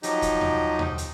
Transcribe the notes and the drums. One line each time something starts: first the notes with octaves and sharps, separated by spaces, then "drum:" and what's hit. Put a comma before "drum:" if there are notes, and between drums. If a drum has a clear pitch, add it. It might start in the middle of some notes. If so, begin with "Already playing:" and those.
F3 F#3 D#4 G4 D#5, drum: hi-hat
drum: kick, hi-hat
drum: tom D#2
drum: tom D#2
drum: hi-hat